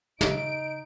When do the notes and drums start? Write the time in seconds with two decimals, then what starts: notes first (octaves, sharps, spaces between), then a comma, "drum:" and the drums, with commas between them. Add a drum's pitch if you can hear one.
0.21 C#3 D#4 D7, drum: snare